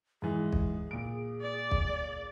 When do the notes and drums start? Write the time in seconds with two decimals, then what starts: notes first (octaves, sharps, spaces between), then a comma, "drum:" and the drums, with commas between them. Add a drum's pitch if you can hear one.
0.22 G#2 E3 G#4
0.52 drum: kick B1
0.91 A#2 D7
1.42 D5
1.71 drum: kick B1